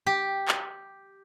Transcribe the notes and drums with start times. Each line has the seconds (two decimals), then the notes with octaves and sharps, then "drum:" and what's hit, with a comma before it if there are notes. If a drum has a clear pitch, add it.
0.06 G4
0.48 drum: clap